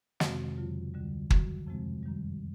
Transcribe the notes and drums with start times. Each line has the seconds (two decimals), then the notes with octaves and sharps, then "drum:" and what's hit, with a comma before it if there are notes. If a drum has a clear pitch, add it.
0.20 F2 C3 D#3 G#3 C4 F#4, drum: snare
0.57 F2 C#3 F#3 F4
0.94 D2 D3 G3
1.30 F#2 D#3 F#3 F#4, drum: kick
1.67 F2 C3 F3 G#3 C4
2.03 F#2 D#3 G3